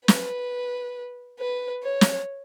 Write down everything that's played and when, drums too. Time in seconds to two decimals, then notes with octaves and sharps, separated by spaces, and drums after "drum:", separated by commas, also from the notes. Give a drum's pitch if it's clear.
0.08 B4, drum: snare
1.39 B4
1.83 C#5
2.01 drum: snare